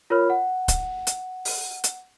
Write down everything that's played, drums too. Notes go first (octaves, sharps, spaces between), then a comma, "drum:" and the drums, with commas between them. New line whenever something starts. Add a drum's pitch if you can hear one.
F4 A#4 C#5 B5 F6
F#5
drum: kick D1, hi-hat
drum: hi-hat
drum: open hi-hat
drum: hi-hat